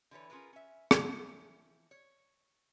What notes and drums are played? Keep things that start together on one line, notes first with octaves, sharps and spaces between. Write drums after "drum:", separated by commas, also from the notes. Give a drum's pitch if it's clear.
D3 E3 B4 C#5
C#4 F4 G#4 A#4 B4
C#4 E5
E3 F3, drum: rim click
C#5